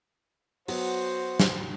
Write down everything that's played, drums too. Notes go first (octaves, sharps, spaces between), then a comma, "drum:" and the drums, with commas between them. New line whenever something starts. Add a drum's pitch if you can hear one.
F#3 B3 F#4 C5, drum: open hi-hat
drum: snare